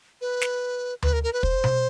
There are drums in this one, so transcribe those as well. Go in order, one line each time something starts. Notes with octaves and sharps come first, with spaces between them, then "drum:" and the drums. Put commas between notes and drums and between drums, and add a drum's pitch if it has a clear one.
B4
drum: snare
B4, drum: tom D2
A#4
A#4
B4
C5, drum: kick
drum: tom B2